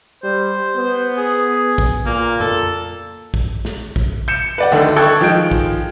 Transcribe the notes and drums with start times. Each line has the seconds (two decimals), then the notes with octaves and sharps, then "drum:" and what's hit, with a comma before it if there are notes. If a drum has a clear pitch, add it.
0.23 G3 C5
0.76 B3
1.17 G#4
1.78 drum: kick
2.06 A#2 A#3
2.40 A4, drum: tom F2
3.34 drum: kick
3.65 drum: snare
3.96 drum: kick
4.28 G6 C#7 E7
4.58 B4 D5 F#5
4.72 D2 D3 D#3
4.96 A4 G5 C#6 E6 F#6 G#6
5.21 D#3 F3 G#3 G6 D7
5.51 drum: kick